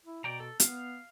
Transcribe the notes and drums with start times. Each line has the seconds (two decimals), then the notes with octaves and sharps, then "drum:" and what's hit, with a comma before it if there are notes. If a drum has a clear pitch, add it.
0.05 E4
0.24 B2 D5 G5 A#5
0.40 A4
0.60 B3 F5, drum: hi-hat